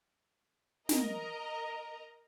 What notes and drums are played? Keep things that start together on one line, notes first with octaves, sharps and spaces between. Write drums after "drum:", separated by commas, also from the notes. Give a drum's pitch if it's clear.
A#4 D#5 A#5, drum: snare